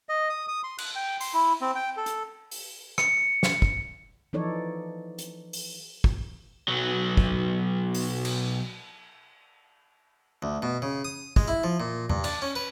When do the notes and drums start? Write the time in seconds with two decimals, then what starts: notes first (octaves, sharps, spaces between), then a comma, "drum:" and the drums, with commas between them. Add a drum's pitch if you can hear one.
0.09 D#5
0.30 D#6
0.48 D#6
0.64 C6
0.78 F#6, drum: cymbal
0.96 G5
1.21 C6, drum: open hi-hat
1.34 E4
1.61 C4
1.75 G5
1.97 A4
2.06 drum: hi-hat
2.51 drum: open hi-hat
2.98 C#7, drum: rim click
3.43 drum: snare
3.62 drum: kick
4.33 E3 F3 D#4 A4 C#5 D5
5.19 drum: hi-hat
5.53 drum: open hi-hat
6.04 drum: kick
6.68 B1 F#3
7.17 drum: kick
7.94 drum: open hi-hat
8.25 drum: cymbal
10.42 D2
10.62 B2
10.82 C#3
11.04 D#6
11.36 G#3, drum: kick
11.48 E4
11.64 F3
11.80 A#2
12.10 G2, drum: tom E2
12.24 D4, drum: cymbal
12.42 C#4
12.56 B4